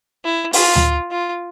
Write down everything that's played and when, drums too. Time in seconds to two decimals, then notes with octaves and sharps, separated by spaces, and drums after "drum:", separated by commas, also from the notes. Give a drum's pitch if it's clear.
0.25 E4
0.53 F4, drum: open hi-hat
0.76 drum: tom D2
1.11 F4